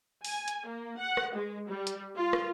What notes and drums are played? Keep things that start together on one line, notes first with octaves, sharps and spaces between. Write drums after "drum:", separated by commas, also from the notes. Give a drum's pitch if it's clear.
G#5, drum: open hi-hat
drum: hi-hat
A#3
F#5
drum: rim click
G#3
G3
drum: hi-hat
F4
drum: rim click